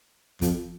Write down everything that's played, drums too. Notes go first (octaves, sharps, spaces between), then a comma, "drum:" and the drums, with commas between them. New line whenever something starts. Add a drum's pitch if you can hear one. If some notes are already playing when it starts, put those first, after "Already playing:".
F2, drum: kick, hi-hat